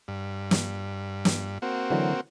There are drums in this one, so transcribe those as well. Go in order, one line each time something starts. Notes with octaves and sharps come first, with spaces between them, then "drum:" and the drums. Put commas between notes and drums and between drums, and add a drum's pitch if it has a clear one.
G2
drum: snare
drum: snare
A#3 C4 F#4
D3 E3 F#3